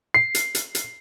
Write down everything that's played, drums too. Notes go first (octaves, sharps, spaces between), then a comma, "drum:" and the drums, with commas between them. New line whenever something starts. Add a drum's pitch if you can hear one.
C7
drum: hi-hat
drum: hi-hat
drum: hi-hat